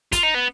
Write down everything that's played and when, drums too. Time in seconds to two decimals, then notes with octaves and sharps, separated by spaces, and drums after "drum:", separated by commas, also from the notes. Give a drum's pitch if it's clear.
0.12 F4, drum: kick, hi-hat
0.23 D#4
0.35 B3